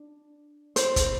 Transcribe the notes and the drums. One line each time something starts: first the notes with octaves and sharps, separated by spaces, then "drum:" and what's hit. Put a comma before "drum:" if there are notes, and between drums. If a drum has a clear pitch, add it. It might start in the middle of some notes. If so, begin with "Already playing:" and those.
Already playing: D4
C4 E4 C5, drum: hi-hat
drum: kick, hi-hat